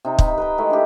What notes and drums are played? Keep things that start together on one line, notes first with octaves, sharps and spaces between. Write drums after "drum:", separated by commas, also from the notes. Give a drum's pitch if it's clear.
C3 D#4 G5
B5, drum: kick
B4 G5 A#5
D#3 G#3 A3 E4
D4 G4